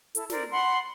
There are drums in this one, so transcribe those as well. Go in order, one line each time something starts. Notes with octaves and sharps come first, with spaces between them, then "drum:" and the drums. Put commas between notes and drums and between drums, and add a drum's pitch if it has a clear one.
E4 A4, drum: hi-hat
A#4 C5 D5, drum: snare
F#5 B5 C6